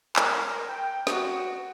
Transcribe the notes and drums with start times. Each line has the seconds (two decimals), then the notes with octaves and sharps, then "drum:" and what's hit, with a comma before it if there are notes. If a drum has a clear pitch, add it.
0.16 A#4, drum: clap
0.68 G5
1.07 F#4, drum: snare